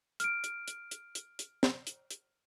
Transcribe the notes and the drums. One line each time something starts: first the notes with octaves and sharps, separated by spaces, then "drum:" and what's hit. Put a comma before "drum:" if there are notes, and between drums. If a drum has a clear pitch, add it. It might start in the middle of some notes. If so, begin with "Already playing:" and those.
F6 D7, drum: hi-hat
drum: hi-hat
drum: hi-hat
drum: hi-hat
drum: hi-hat
drum: hi-hat
drum: snare
drum: hi-hat
drum: hi-hat